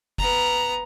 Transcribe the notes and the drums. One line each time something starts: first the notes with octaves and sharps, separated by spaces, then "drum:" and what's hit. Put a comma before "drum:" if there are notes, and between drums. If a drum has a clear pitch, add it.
B3 A#5, drum: kick F#1